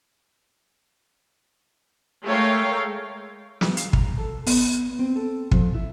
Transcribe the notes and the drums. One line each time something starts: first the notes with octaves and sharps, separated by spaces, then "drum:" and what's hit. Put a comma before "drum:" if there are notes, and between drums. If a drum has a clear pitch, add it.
G#3 A3 A#4 C#5 F5 G5
drum: snare
F5, drum: hi-hat
A#5, drum: kick
A4
B3, drum: open hi-hat
C4
A4
F3, drum: kick
E4